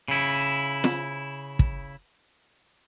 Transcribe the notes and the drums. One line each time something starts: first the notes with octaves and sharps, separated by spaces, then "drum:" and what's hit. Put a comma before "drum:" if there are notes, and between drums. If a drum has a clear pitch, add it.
C#3 E4
drum: snare
drum: kick